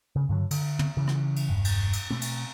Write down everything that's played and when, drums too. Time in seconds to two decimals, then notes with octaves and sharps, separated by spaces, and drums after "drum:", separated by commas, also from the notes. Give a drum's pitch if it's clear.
0.16 C#3
0.29 G2 D3 F#3
0.51 D3, drum: cymbal
0.79 drum: tom
0.97 C#3 E3
1.08 drum: rim click
1.36 drum: cymbal
1.49 E1 G2
1.65 drum: cymbal
1.93 drum: cymbal
2.11 B2 A3 C4
2.22 drum: cymbal